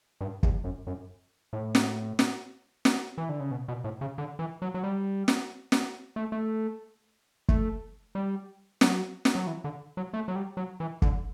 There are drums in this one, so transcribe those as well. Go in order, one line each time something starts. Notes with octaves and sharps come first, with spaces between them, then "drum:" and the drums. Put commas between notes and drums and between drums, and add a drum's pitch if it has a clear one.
G2
E2, drum: kick
F#2
F#2
A2
drum: snare
drum: snare
drum: snare
E3
D3
C#3
B2
B2
A2
C#3
D3
E3
F#3
F#3
G3
drum: snare
drum: snare
A3
A3
A3, drum: kick
G3
F#3, drum: snare
drum: snare
F#3
E3
D3
F#3
A3
F#3
G3
F#3
E3
D3, drum: kick